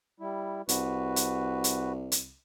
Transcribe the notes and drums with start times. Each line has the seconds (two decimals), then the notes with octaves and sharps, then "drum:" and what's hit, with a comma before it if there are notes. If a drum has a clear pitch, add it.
0.20 G3 E4
0.69 C2 F#4 B4, drum: hi-hat
1.16 drum: hi-hat
1.64 drum: hi-hat
2.12 drum: hi-hat